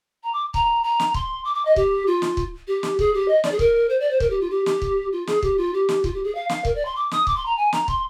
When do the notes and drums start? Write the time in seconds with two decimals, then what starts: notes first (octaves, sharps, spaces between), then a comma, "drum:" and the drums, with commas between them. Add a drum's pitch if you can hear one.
0.23 A#5
0.33 D6
0.54 A#5, drum: kick
0.84 A#5
1.00 drum: snare
1.14 C6, drum: kick
1.45 D6
1.55 D6
1.65 D#5
1.76 G4, drum: kick
2.07 F4
2.22 drum: snare
2.37 drum: kick
2.68 G4
2.83 drum: snare
2.99 G#4, drum: kick
3.14 G4
3.28 D#5
3.44 D5, drum: snare
3.51 G#4
3.59 A#4, drum: kick
3.89 C5
4.00 D5
4.11 C5
4.20 A#4, drum: kick
4.30 G4
4.41 F4
4.51 G4
4.66 G4, drum: snare
4.82 drum: kick
5.12 F4
5.27 G#4, drum: snare
5.43 G4, drum: kick
5.58 F4
5.74 G4
5.89 drum: snare
6.04 F4, drum: kick
6.14 G4
6.24 G#4
6.35 F5
6.49 F5, drum: snare
6.65 A#4, drum: kick
6.75 D5
6.85 C6
6.96 D6
7.11 D#6, drum: snare
7.27 D6, drum: kick
7.36 C6
7.46 A#5
7.57 G#5
7.73 A#5, drum: snare
7.88 C6, drum: kick